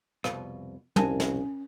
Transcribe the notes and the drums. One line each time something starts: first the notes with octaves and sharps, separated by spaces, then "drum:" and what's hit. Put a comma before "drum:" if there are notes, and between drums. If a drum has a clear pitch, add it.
C2 F2 B2, drum: rim click
C2 F2 B2 C#4 A#4 G#5 A5, drum: tom
drum: snare